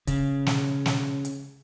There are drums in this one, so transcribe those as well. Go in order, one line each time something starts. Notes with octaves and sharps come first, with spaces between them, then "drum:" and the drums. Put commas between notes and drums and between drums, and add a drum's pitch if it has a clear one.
C#3, drum: kick, hi-hat
drum: snare
drum: snare
drum: hi-hat